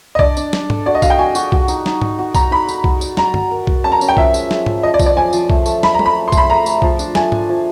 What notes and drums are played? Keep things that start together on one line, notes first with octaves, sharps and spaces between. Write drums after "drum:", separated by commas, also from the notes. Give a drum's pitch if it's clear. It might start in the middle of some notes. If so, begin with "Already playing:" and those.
D#5
D4 D5, drum: kick B1
D4, drum: tambourine
D4, drum: snare
A4, drum: tom G#2
F#4 D5
D#5
F#4 F5, drum: kick B1, tambourine
G5
F#4 G#5
F#4, drum: tambourine
F#4, drum: kick B1
D#4, drum: tambourine
D#4, drum: snare
D#4, drum: tom G#2
F#4
D#4 A#5, drum: kick B1, tambourine
D#4 B5
D#4, drum: tambourine
F#4, drum: kick B1
D5, drum: tambourine
D5 A#5, drum: snare
F#4, drum: tom G2
A#4
F#4, drum: kick B1
C#4 A5
A#5
C#4, drum: tambourine
G5
F3 E5, drum: kick B1
G#3, drum: tambourine
G#3, drum: snare
F3, drum: tom G#2
F3 D#5
D5
F3, drum: kick B1, tambourine
D5
F3 G#5
F3, drum: tambourine
A3, drum: kick B1
A3, drum: tambourine
A3 B5, drum: snare
A#5
A3, drum: tom
B5
A3
C6
A3, drum: kick B1, tambourine
B5
A3 A#5
A3, drum: tambourine
F3, drum: kick B1
D4, drum: tambourine
A3 G#5, drum: snare
D4, drum: tom G#2
F3